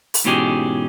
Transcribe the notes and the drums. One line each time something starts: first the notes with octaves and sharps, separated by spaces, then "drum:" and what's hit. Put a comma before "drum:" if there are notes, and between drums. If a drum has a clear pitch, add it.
drum: open hi-hat
G#2 B2 E3 C#4 G4 G#4